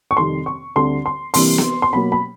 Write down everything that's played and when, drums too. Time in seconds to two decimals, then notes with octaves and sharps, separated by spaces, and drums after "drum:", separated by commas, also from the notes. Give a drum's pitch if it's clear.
0.11 C#6
0.17 F2 C3 D#3 G3 C6
0.46 C#6
0.76 D2 D3 G3 C4 C6
1.06 C6
1.34 C3 E3 G3 A#3 D4 C6, drum: open hi-hat
1.58 drum: snare B3
1.82 C6
1.93 B2 F#3 A#3 B5
2.12 B5